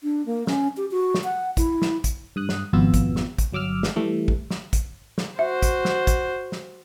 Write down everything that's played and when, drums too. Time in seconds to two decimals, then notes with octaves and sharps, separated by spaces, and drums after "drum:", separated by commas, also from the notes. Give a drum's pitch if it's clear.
0.03 D4
0.26 A#3
0.47 C#4, drum: snare
0.77 G4
0.91 F#4
1.14 drum: snare
1.24 F#5
1.57 E4, drum: kick, hi-hat
1.82 drum: snare
2.04 drum: kick, hi-hat
2.36 G2 D#6 F#6
2.49 drum: snare
2.73 G#1 F2 B2 B3 F4 E6
2.94 drum: kick, hi-hat
3.16 drum: snare
3.38 drum: kick, hi-hat
3.53 G1 F#3 D6 E6 F6
3.83 drum: snare
3.96 E3 G3 A3
4.28 drum: kick
4.50 drum: snare
4.73 drum: kick, hi-hat
5.18 drum: snare
5.39 F#4 C5 E5
5.62 drum: kick, hi-hat
5.85 drum: snare
6.07 drum: kick, hi-hat
6.52 drum: snare